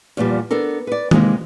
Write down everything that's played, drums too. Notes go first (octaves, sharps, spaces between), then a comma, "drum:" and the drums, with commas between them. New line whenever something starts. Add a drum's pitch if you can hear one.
E2 A#2 F3 G3
B3 D4 A4 A#4
B4 D5
C3 G#3 A#3 D#4, drum: tom